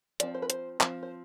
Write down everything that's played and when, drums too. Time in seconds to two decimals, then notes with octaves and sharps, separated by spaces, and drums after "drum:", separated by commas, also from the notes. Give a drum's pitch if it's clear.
0.20 F3 C4 D5, drum: hi-hat
0.35 C5
0.42 B4
0.50 C5, drum: hi-hat
0.81 F3 C4, drum: clap
1.03 C5